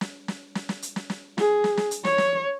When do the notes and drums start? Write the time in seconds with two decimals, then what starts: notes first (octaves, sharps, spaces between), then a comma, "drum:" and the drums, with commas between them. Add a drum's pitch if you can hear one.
0.01 drum: snare
0.28 drum: snare
0.55 drum: snare
0.69 drum: snare
0.82 drum: hi-hat
0.96 drum: snare
1.10 drum: snare
1.38 G#4, drum: snare
1.64 drum: snare
1.77 drum: snare
1.91 drum: hi-hat
2.05 C#5, drum: snare
2.18 drum: snare